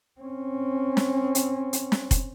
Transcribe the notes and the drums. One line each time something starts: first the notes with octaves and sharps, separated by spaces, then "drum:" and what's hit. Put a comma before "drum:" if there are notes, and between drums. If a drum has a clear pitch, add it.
C4 C#4
drum: snare
drum: hi-hat
drum: hi-hat
drum: snare
drum: kick F1, hi-hat